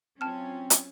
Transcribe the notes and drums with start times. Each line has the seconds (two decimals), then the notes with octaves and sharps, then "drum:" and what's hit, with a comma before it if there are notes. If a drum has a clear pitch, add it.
0.21 F#3 C4 C#4 F4 A5 F6
0.70 drum: hi-hat